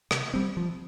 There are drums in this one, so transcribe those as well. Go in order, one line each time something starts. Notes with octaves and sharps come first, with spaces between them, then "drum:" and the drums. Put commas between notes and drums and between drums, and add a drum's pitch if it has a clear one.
C3, drum: rim click
G3 C4
F3